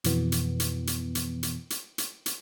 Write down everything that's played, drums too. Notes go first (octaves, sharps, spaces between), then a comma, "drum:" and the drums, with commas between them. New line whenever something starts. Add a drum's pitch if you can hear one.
F2 B2 E3 B3, drum: hi-hat
drum: hi-hat
drum: hi-hat
drum: hi-hat
drum: hi-hat
drum: hi-hat
drum: hi-hat
drum: hi-hat
drum: hi-hat